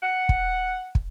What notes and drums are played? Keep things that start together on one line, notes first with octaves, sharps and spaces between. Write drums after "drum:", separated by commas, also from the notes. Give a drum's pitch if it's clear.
F#5
drum: kick
drum: kick